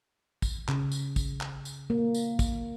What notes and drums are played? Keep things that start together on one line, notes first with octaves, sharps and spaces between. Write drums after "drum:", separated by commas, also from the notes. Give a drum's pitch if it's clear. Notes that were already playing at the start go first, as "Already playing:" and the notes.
drum: kick, tambourine
C#3, drum: clap
drum: tambourine
drum: kick, tambourine
drum: clap
drum: tambourine
A#3
drum: tambourine
drum: kick, tambourine